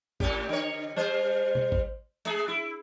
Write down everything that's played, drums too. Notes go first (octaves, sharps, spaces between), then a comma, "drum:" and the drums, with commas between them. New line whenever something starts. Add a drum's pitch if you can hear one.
A2 C#4 G4, drum: kick G#1
D3 C#5
G3 C5
drum: tom B2
drum: kick G#1
G#3 G#4, drum: hi-hat
E4